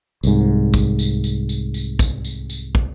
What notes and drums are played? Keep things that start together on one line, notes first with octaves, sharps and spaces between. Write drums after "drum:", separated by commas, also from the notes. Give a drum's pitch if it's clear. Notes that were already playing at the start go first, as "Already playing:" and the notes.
C2 G#2, drum: tambourine
drum: kick, tambourine
drum: tambourine
drum: tambourine
drum: tambourine
drum: tambourine
drum: kick, tambourine
drum: tambourine
drum: tambourine
drum: kick